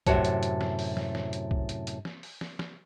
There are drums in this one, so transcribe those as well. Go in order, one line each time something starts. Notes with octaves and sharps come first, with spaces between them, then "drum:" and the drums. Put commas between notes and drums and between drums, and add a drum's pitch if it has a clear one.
F#2 A2 C3 F#4 C#5 A5, drum: kick, hi-hat
drum: hi-hat
drum: hi-hat
drum: snare
drum: open hi-hat
drum: snare
drum: snare
drum: hi-hat
drum: kick
drum: hi-hat
drum: hi-hat
drum: snare
drum: open hi-hat
drum: snare
drum: snare